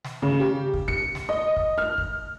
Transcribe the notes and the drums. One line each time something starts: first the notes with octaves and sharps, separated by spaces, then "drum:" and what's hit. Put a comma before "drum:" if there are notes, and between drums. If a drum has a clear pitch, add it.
drum: snare
C#3
G4
drum: kick
C#7, drum: kick
drum: snare
D#5
drum: kick
F6
drum: kick